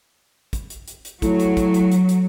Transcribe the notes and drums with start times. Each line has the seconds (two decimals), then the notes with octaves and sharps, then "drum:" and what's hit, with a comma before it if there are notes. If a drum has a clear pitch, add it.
0.53 drum: kick, hi-hat
0.70 drum: hi-hat
0.88 drum: hi-hat
1.05 drum: hi-hat
1.22 A2 F#3, drum: kick, hi-hat
1.40 drum: hi-hat
1.57 drum: kick, hi-hat
1.74 drum: hi-hat
1.92 drum: hi-hat
2.09 drum: hi-hat